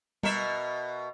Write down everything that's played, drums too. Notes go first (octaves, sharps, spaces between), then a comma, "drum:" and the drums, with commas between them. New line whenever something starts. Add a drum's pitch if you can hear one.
B2 A#4 E5, drum: tom G3